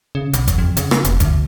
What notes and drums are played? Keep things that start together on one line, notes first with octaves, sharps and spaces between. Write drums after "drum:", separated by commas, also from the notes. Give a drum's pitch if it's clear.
C#3
B1, drum: hi-hat
drum: kick G1, hi-hat
F2
C#3, drum: hi-hat
drum: rim click
F1, drum: hi-hat
D2, drum: kick G1, hi-hat